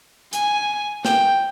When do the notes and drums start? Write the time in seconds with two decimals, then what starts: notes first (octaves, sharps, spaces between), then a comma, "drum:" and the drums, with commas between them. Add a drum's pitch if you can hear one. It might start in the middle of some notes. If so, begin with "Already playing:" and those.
0.33 G#5, drum: hi-hat
1.05 G5, drum: snare